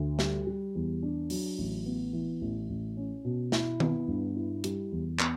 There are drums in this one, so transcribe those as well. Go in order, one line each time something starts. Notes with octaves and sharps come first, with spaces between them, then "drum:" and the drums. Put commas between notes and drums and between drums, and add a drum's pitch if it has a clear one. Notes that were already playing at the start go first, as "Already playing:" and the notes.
Already playing: D2
G3, drum: snare
G3
E2
D4
F#3, drum: open hi-hat
A1
B3
E3
A1
A1
C#4
B2
E4, drum: snare
B3, drum: tom D#3
G2
E4
G3, drum: hi-hat
E2
B3, drum: clap